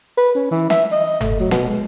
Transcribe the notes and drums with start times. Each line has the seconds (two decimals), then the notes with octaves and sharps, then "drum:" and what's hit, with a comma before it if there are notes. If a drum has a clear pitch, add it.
0.17 B4
0.35 C#4
0.51 E3
0.70 E5, drum: snare
0.92 D#5
1.21 A3, drum: tom F#1
1.39 F#3
1.51 B2, drum: snare
1.69 G#3